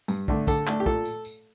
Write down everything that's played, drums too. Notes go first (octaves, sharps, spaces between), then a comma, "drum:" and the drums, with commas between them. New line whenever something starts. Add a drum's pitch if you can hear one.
G2, drum: tambourine
D3 A3 D4, drum: kick
D3 A4, drum: kick, tambourine
A3 D4, drum: clap
G4
A#2 A4, drum: kick
drum: tambourine
drum: tambourine